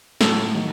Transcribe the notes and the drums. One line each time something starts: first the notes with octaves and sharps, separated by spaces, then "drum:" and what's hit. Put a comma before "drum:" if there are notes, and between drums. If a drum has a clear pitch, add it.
A2 F#3 A4, drum: snare
D#3 F#3